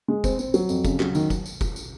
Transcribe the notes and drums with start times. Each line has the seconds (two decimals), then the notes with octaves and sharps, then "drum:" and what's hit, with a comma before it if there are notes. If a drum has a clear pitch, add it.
0.08 G#3
0.24 C4, drum: kick F1, tambourine
0.39 C4, drum: tambourine
0.54 F#3, drum: tambourine
0.69 F2, drum: tambourine
0.85 C#3, drum: kick F1, tambourine
1.00 F#3, drum: clap
1.15 D#3, drum: tambourine
1.30 drum: kick F1, tambourine
1.46 drum: tambourine
1.61 drum: kick F1, tambourine
1.76 drum: tambourine